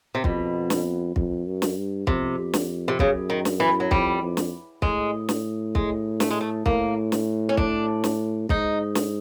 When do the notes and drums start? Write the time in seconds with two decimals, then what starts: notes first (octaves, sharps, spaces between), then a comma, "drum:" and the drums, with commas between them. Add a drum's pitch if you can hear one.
0.15 C3
0.24 F2 B2, drum: kick
0.70 drum: snare
1.16 F2, drum: kick
1.47 F#2
1.62 drum: snare
1.77 G2
2.07 F2 C3, drum: kick
2.54 drum: snare
2.88 C3
2.99 F#2 C#3, drum: kick
3.30 D#3
3.45 drum: snare
3.60 E3
3.80 F#3
3.91 F2 G3, drum: kick
4.22 F2
4.37 drum: snare
4.82 A2 G#3, drum: kick
5.29 drum: snare
5.75 G#3, drum: kick
6.20 A3, drum: snare
6.30 G#3
6.41 A3
6.66 A2 A#3, drum: kick
7.12 drum: snare
7.49 C#4
7.57 D4, drum: kick
8.04 drum: snare
8.49 G#2 D#4, drum: kick
8.95 drum: snare